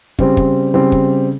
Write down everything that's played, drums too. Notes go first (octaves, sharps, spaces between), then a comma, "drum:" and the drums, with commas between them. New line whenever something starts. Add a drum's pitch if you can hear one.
C#3 G3 C4, drum: kick
drum: kick
C#3 G3 C4
drum: kick